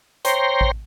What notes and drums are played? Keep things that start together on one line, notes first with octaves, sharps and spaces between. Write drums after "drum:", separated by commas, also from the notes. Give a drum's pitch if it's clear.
C5 C#5 G5 A#5 C6, drum: hi-hat
drum: kick A1